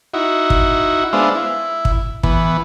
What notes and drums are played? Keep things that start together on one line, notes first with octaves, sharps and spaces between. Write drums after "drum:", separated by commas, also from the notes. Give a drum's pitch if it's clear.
D#4 E4 F#4
drum: kick
G#3 B3 D4 C5 E5 F5
E4
drum: kick
E3 B3, drum: kick